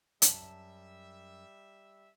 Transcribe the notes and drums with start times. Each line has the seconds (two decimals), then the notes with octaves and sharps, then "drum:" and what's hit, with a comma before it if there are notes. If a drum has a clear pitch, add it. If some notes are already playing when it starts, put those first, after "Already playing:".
0.22 F#2 G3 E5 A5, drum: hi-hat